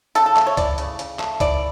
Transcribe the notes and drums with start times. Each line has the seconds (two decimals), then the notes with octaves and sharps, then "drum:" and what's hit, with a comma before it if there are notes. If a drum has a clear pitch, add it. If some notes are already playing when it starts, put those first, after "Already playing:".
0.15 C#3 A4, drum: hi-hat
0.26 A4
0.37 A3, drum: clap
0.47 C#5
0.57 E3 D5, drum: kick C#2, hi-hat
0.78 C#3, drum: hi-hat
0.99 C#3, drum: hi-hat
1.19 A3, drum: clap
1.40 E3 D5, drum: kick C#2, hi-hat